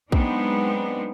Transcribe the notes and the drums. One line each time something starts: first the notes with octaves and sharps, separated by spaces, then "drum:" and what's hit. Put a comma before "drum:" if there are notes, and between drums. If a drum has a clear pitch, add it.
F#3 G#3 B3 C4 D4 D#4, drum: kick